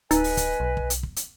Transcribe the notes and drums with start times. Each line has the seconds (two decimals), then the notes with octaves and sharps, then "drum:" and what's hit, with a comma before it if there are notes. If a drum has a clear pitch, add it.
0.11 D1 D#4 B4 D#5 G#5, drum: hi-hat
0.24 drum: open hi-hat
0.37 drum: kick, hi-hat
0.60 B1
0.77 drum: kick
0.90 drum: hi-hat
1.03 drum: kick
1.16 drum: hi-hat